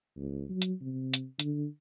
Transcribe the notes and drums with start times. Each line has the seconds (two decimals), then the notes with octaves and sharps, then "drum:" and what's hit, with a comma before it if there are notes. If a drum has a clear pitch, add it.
0.16 C#2
0.49 F#3
0.62 drum: hi-hat
0.81 C3
1.14 drum: hi-hat
1.39 D3, drum: hi-hat